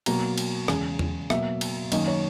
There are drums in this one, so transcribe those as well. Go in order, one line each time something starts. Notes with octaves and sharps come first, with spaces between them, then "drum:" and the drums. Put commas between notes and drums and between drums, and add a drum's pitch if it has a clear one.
B2 F#3 A#3 A#5, drum: cymbal
drum: cymbal
E2 C#3 G#3 G#5, drum: rim click
drum: tom E2
B2 F#3 A#3 E5, drum: rim click
drum: cymbal
F#2 D#3 A#3 D#5, drum: cymbal
C#5